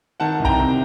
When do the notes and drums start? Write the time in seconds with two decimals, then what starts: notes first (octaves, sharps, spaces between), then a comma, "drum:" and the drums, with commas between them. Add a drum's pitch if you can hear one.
0.20 D#3 F#5 A5
0.39 C2
0.45 G5 A#5, drum: kick A#1
0.58 C3